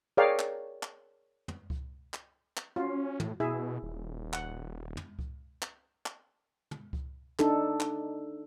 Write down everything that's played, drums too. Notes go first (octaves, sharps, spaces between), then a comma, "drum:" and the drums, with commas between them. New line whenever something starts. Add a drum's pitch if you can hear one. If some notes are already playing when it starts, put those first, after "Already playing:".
G#4 A#4 C#5 D5 F5 G5
drum: clap
drum: clap
drum: tom
drum: kick C#2
drum: clap
drum: clap
C#4 F4 F#4
A2, drum: tom
B2 E4 G#4 E5
D#1
F#5, drum: clap
drum: tom
drum: kick C#2
drum: clap
drum: clap
drum: tom
drum: kick C#2
D4 D#4 A4, drum: clap
drum: clap